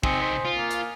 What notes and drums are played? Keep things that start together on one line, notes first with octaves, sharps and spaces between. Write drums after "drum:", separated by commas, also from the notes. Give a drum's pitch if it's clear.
C3 C4 D#4 G#5 D#6 C#7, drum: kick
C5 B6
F4
A#3
drum: hi-hat